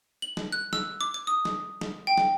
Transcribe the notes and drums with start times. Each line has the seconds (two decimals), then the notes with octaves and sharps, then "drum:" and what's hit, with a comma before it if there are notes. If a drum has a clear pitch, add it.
0.22 F#7
0.37 drum: snare
0.52 F#6
0.73 E6, drum: snare
1.01 D6
1.14 D6
1.27 D#6
1.45 drum: snare
1.81 drum: snare
2.07 G5
2.18 drum: snare